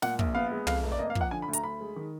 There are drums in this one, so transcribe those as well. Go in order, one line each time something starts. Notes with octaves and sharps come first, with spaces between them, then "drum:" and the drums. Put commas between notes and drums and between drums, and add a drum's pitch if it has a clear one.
A#2 F#5, drum: snare
A#1, drum: kick
B3 F5
G#3
F2 F5, drum: tom
F1
D5
A#3 D#5
F5
F3, drum: kick
F#5
D3 G#5
B5
D2
A#5, drum: hi-hat
D2 B5
G#3
D#3